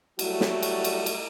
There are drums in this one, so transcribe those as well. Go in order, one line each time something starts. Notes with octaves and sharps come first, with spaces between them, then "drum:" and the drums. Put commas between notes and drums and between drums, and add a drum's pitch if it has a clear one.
F#3 G3 A3 F#4, drum: cymbal
drum: snare
drum: cymbal
drum: cymbal
drum: cymbal